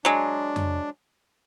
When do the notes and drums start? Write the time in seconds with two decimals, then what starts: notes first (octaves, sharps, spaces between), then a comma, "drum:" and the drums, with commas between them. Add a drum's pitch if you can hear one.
0.05 F#3 G#3 D4
0.56 drum: tom F2